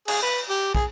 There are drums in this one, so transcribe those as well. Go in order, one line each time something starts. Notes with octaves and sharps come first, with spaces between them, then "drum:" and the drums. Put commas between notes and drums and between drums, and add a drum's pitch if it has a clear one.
G#4, drum: cymbal
B4
G4
G#4, drum: kick